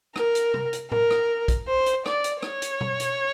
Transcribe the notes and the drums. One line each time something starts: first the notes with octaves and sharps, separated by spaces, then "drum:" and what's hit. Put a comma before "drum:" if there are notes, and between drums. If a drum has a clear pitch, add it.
A#4, drum: rim click
drum: hi-hat
drum: tom
drum: hi-hat
A#4, drum: tom A2
drum: rim click
drum: kick, hi-hat
C5
drum: hi-hat
D5, drum: rim click
drum: hi-hat
C#5, drum: rim click
drum: hi-hat
drum: tom B2
drum: hi-hat